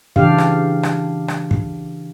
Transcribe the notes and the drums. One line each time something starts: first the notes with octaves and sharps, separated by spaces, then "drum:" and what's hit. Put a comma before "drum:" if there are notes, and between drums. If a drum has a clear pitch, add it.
C#3 E3 D4 G4 F5, drum: kick
drum: rim click
drum: rim click
drum: rim click
drum: kick